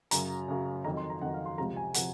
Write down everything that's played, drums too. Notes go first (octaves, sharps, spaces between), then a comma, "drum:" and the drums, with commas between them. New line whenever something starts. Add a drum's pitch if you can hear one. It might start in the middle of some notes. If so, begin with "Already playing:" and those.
F#2 C#3 F#3 A#5, drum: hi-hat
F#2 C#3 F#3
F2 D#3 F#3 A#5
C6
A#5
F2 D#3 F#3 F#5
F5
C6
C#2 C3 F3 A#5
G#5
C3 F3 F#5, drum: hi-hat